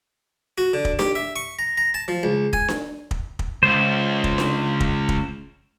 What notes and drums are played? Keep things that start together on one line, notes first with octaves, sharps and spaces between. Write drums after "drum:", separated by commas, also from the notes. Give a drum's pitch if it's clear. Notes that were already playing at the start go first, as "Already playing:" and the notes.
F#4
D3
drum: kick
G4, drum: snare D4
E5
C#6
A#5
A#5
A5
F3
C#2
G#5, drum: kick
drum: snare D4
drum: kick
drum: kick
C#2 C5
drum: kick
drum: snare D4
drum: kick
drum: kick